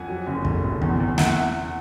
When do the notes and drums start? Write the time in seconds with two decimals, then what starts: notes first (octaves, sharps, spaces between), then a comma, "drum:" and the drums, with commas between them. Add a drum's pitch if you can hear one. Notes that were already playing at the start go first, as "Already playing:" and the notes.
Already playing: F2 F#5 G#5
0.09 F#3
0.27 F#1
0.45 F1, drum: kick
0.63 F1
0.82 E2, drum: kick
1.00 E2
1.18 E5 F#5, drum: snare